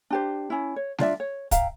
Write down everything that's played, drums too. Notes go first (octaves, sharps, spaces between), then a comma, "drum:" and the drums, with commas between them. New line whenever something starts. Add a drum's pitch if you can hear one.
D4 G4 C5
C#4 E4
C#5
D4 F4 D5 E5, drum: snare G3
C#5
E5 F5 G5 A#5, drum: kick, hi-hat